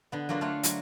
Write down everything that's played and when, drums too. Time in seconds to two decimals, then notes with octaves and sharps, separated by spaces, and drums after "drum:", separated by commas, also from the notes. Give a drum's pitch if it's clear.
0.12 D3 B3
0.29 F#3 A#3 D4 F4 B4
0.41 A3 D4 F4 F5 F#5
0.63 F#3, drum: hi-hat